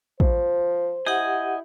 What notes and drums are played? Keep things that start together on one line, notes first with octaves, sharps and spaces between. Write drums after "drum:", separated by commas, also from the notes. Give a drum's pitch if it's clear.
F3 C5, drum: kick
E4 G4 D#5 F#5 G#5